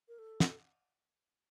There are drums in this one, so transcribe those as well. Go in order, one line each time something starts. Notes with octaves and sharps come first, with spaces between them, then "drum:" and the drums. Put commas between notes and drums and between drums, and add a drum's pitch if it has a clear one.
A#4
A4
drum: snare